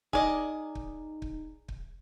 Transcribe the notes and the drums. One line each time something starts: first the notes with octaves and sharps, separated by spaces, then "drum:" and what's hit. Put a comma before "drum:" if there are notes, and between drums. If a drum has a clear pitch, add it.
D#4 G#4 D5 D#5, drum: kick
drum: kick
drum: kick
drum: kick